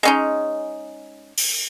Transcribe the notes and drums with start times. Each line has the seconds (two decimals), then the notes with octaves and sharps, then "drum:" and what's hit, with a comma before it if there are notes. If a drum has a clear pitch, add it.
0.03 G#3 C#4 D#4
1.38 drum: open hi-hat